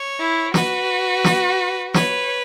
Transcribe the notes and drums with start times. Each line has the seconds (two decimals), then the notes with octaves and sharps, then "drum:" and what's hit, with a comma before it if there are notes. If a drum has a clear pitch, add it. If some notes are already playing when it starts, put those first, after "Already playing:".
Already playing: C#5
0.19 E4
0.54 F#4 B4, drum: snare
1.24 drum: snare
1.94 B4 C#5, drum: snare